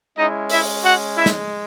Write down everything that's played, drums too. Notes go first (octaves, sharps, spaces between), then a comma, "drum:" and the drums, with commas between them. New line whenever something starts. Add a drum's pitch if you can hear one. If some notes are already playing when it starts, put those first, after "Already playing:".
G#3 C#4 D#4 E4 D#5
E4 E5, drum: open hi-hat
F#4 F#5
E4 E5
drum: snare